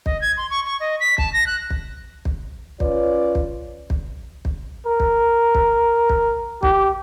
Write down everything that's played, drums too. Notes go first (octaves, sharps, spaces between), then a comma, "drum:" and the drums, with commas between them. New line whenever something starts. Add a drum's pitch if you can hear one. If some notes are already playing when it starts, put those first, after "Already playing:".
D#5, drum: kick
G#6
C6
C#6
C#6
D#5
B6
A5, drum: kick
A#6
F#6
drum: kick
drum: kick
C#4 F4 B4 C#5 D5, drum: kick
drum: kick
drum: kick
drum: kick
A#4
drum: kick
drum: kick
drum: kick
G4, drum: kick